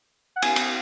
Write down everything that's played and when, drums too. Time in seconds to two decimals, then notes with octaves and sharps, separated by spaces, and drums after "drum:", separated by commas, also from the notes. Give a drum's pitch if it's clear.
0.36 F#5
0.42 G#5, drum: cymbal
0.56 drum: cymbal